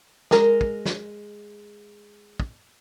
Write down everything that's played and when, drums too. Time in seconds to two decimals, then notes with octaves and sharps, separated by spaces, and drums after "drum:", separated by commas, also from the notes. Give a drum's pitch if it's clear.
0.31 G#3 A#4, drum: snare
0.61 drum: kick
0.86 drum: snare
2.40 drum: kick